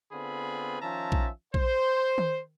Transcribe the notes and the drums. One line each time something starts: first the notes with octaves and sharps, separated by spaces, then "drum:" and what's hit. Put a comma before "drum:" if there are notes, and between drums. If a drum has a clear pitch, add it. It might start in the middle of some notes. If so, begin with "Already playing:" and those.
D3 B3 C4 F4 G#4 B5
D#3 F3 C#4 E5 A5 A#5
drum: kick A#1
C5, drum: kick A#1
drum: tom D#3